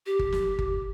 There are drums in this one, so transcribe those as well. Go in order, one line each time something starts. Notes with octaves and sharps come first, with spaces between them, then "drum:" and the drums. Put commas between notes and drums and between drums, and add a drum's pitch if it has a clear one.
G4
drum: kick G1
drum: snare
drum: kick G1